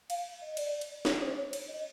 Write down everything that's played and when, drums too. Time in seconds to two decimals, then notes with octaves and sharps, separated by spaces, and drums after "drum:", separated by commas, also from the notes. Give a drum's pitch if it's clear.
0.10 F5, drum: cymbal
0.42 D#5
0.57 D5, drum: cymbal
0.81 drum: cymbal
1.05 C#5, drum: snare
1.21 C5
1.37 C#5
1.53 drum: cymbal
1.68 D#5